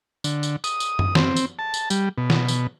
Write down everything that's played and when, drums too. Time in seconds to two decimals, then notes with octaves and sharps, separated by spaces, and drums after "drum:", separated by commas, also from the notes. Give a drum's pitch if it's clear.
0.24 D3, drum: tambourine
0.43 drum: tambourine
0.64 D#6, drum: tambourine
0.80 drum: tambourine
0.99 drum: tom F#2
1.15 C4, drum: snare
1.36 drum: tambourine
1.59 A5
1.74 drum: tambourine
1.90 G3, drum: tambourine
2.18 B2
2.30 drum: snare
2.48 drum: tambourine